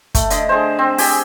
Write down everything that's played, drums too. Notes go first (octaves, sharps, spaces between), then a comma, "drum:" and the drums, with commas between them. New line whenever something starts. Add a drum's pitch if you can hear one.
A3, drum: kick, hi-hat
D3 D#5, drum: hi-hat
G#4 C5
C4
G4 G#4 G#5, drum: open hi-hat